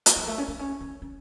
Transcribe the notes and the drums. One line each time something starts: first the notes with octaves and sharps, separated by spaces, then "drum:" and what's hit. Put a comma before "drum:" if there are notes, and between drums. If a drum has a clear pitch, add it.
drum: hi-hat
F#3
A3
C#4
B3
C#4
C#4
C#4